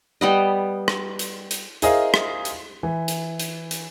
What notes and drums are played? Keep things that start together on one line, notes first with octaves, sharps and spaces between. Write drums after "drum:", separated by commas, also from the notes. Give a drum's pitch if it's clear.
G3 B3 D#5
drum: rim click
drum: hi-hat
drum: hi-hat
E4 G#4 A#4 C5 D#5 F5, drum: hi-hat
drum: rim click
drum: hi-hat
E3
drum: hi-hat
drum: hi-hat
drum: hi-hat